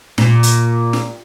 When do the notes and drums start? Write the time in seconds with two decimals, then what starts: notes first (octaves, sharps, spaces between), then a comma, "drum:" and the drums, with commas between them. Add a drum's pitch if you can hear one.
0.18 A#2, drum: snare
0.43 drum: hi-hat
0.93 drum: snare